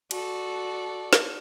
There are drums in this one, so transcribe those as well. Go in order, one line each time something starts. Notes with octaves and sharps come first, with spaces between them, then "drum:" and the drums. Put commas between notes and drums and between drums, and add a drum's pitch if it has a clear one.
F#4 A4 D5, drum: cymbal
drum: snare